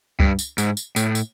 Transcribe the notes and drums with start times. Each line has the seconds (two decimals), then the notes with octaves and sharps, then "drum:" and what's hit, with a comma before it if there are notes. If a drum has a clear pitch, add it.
0.20 G2, drum: kick C#2
0.39 drum: tambourine
0.58 G#2, drum: tambourine
0.77 drum: tambourine
0.96 A2, drum: tambourine
1.15 drum: tambourine